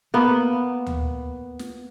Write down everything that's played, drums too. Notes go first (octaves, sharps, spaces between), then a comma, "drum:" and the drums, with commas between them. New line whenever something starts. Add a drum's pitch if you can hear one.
A#3 B3
drum: tom D2
drum: snare